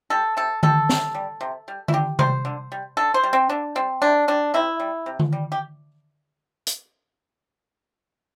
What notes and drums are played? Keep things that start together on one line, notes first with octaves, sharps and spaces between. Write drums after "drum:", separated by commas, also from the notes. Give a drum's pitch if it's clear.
G3 A4
C3 A4
G3 A4, drum: tom D3
C3, drum: snare
G3
C3
G3
E4, drum: tom D3
D3 G4
G3 C5, drum: tom C3
D3
G3
D3 A4
C5
G3
C4
D3 D4
G3 C4
C3 D4
G3 D4
C3 E4
G3
C3
drum: tom D3
G3
G4
drum: hi-hat